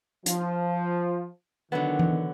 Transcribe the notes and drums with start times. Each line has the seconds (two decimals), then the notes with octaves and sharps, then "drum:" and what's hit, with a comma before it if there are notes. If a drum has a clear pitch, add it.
0.26 F3, drum: hi-hat
1.72 D3 D#3 F#3 B3
1.99 drum: tom E3